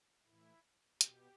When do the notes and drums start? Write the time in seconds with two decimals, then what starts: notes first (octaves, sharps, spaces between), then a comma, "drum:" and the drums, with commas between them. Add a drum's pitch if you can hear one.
0.25 A2 E3 E4
1.01 B2 G4, drum: hi-hat